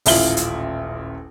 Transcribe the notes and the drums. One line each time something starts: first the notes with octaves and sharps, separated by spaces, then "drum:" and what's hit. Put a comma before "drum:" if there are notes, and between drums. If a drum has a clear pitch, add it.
D#1 A1 E4 F4 F#7 G7, drum: open hi-hat
drum: hi-hat